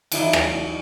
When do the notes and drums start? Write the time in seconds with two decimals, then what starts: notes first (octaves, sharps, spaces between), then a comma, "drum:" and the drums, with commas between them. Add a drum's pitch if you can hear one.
0.12 G2 E3 F#3 F4 D#5 E5, drum: cymbal
0.33 drum: rim click